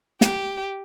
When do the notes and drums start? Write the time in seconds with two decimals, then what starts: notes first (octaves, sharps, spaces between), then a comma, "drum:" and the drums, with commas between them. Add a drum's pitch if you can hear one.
0.21 G4, drum: snare